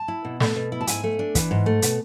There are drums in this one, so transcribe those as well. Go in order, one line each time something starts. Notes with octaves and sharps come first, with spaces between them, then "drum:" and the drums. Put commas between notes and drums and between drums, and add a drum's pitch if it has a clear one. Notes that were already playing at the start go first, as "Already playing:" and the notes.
Already playing: A5
E4
B2
A3, drum: snare
B2
E4
A5
G#2 G#5, drum: hi-hat
A3
D4
E3, drum: kick, hi-hat
G#2
A3
B2, drum: hi-hat